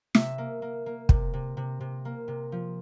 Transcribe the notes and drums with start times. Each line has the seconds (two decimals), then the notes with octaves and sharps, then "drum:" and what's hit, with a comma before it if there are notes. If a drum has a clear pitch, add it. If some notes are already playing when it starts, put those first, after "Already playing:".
0.15 C3 E5, drum: snare
0.38 A#3
0.62 A#3
0.86 A#3
1.09 C3, drum: kick
1.33 C3
1.57 C3
1.80 C3
2.05 A#3
2.28 C3
2.52 F3